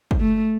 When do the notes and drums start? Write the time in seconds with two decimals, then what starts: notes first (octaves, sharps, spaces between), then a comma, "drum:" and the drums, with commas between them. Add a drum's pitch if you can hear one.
0.11 drum: kick
0.20 A3